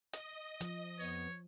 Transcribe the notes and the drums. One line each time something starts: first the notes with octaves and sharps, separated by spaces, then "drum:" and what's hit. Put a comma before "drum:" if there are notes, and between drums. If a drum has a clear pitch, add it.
D#5, drum: hi-hat
F3, drum: hi-hat
F2 B3 C#5